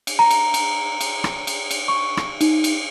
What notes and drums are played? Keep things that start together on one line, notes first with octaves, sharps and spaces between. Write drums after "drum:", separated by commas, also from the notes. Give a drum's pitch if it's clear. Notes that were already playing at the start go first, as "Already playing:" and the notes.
drum: cymbal
A#5
drum: cymbal
drum: cymbal
drum: cymbal
drum: rim click
drum: cymbal
drum: cymbal
C#6
drum: rim click
D#4, drum: cymbal
drum: cymbal